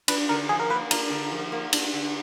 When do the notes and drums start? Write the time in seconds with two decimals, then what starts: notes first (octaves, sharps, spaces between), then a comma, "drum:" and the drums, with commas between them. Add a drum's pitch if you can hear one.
0.08 D4 B4, drum: cymbal
0.29 D3 A#4
0.49 F3 G#4
0.60 A#4
0.70 A#3 B4
0.91 D4 A#4, drum: cymbal
1.10 D3
1.32 F3
1.52 A#3
1.73 D4, drum: cymbal
1.93 D3